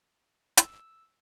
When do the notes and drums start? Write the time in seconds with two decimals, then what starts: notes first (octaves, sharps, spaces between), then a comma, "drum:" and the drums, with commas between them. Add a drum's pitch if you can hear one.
0.57 E6, drum: hi-hat